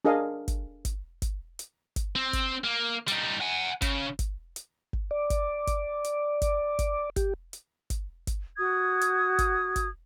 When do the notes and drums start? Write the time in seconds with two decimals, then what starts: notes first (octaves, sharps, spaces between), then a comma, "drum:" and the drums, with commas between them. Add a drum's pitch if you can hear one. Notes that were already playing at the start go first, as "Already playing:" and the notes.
0.05 D4 G#4 A#4 D#5 F5
0.48 drum: kick, hi-hat
0.85 drum: kick, hi-hat
1.22 drum: kick, hi-hat
1.59 drum: hi-hat
1.96 drum: kick, hi-hat
2.16 C4
2.33 drum: kick, hi-hat
2.64 A#3
3.08 G3 D#4, drum: hi-hat
3.41 F#5 G#5
3.82 C#3, drum: kick, hi-hat
4.19 drum: kick, hi-hat
4.56 drum: hi-hat
4.93 drum: kick
5.11 D5
5.30 drum: kick, hi-hat
5.67 drum: kick, hi-hat
6.04 drum: hi-hat
6.42 drum: kick, hi-hat
6.79 drum: kick, hi-hat
7.16 G4, drum: kick, hi-hat
7.53 drum: hi-hat
7.90 drum: kick, hi-hat
8.27 drum: kick, hi-hat
8.57 F#4 D#6 G#6
9.01 drum: hi-hat
9.39 drum: kick, hi-hat
9.76 drum: kick, hi-hat